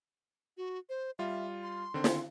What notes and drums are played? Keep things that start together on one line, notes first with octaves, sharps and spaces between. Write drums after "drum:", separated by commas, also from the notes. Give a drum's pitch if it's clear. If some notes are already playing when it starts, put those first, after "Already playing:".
F#4
C5
G3 F4 E5
C6
D3 D#3 C4
drum: snare